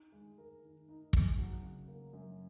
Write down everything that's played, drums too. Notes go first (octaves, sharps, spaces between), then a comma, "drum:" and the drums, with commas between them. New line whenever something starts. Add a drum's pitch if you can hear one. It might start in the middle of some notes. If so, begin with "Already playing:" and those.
Already playing: D#4
G#3
A#4
D#3
D#4
G#3, drum: kick
F#3
C#3
A#3
F#2